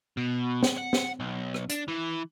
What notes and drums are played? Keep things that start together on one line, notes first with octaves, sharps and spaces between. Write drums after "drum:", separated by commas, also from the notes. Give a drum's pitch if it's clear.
B2
drum: snare
F#5
drum: snare
B1
drum: rim click
D4, drum: hi-hat
E3